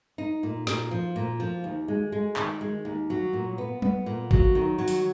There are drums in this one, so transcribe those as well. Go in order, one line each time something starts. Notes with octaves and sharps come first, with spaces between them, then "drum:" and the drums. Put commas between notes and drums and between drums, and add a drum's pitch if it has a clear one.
D#4
A#2
A#2, drum: snare
F3
A#2
F3
D#2
G#3
G#3
D#3, drum: clap
G#3
D#2
F#3
A#2
B3
B3, drum: tom F#3
A#2
F#3, drum: kick G1
D#3
F#3
drum: open hi-hat